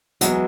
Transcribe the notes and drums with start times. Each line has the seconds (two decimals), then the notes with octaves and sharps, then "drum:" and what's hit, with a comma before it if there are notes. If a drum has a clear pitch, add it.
0.21 E3 F#3 G#3 B3 E4, drum: hi-hat